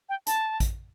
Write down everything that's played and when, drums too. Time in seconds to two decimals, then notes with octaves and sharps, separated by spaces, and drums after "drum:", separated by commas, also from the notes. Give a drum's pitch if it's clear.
0.09 G5
0.27 A5, drum: hi-hat
0.60 drum: kick, hi-hat